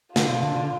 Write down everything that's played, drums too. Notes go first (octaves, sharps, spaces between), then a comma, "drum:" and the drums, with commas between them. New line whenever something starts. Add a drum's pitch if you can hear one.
D3 F4, drum: snare
B2
D3
D3